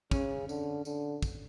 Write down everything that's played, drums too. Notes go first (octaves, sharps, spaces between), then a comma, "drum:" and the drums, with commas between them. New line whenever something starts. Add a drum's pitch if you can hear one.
C#3 C#4, drum: kick, tambourine
D3, drum: tambourine
D3, drum: tambourine
drum: kick, tambourine